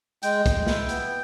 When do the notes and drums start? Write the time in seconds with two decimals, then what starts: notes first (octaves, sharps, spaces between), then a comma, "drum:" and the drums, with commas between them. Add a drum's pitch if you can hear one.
0.23 G#3 G5, drum: hi-hat
0.46 G#3, drum: kick, hi-hat
0.67 E4, drum: snare
0.89 B3, drum: hi-hat